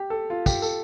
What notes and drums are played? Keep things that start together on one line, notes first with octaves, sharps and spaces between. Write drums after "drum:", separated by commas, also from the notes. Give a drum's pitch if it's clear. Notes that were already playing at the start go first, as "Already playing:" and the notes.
Already playing: G4
A4
F4
G4, drum: kick, tambourine
A4, drum: tambourine